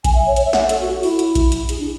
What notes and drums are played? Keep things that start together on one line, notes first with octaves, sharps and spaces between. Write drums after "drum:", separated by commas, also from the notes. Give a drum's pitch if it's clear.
G#5, drum: kick A#1, hi-hat
E5
C#5
C#5, drum: hi-hat
E5
F#5, drum: snare
E5
A4, drum: hi-hat
F#4
F#4
E4, drum: open hi-hat
drum: hi-hat
drum: kick A#1, hi-hat
drum: hi-hat
G#4, drum: hi-hat
D4